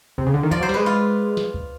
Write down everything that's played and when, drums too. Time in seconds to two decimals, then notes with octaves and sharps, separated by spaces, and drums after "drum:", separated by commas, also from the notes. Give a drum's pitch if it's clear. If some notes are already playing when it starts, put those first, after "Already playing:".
0.18 C3, drum: kick
0.27 C#3
0.34 D3
0.43 D#3
0.51 F3 D5, drum: kick
0.61 F#3 C5
0.69 G3, drum: snare
0.74 G#3 B4
0.86 F4
1.37 drum: snare
1.54 drum: kick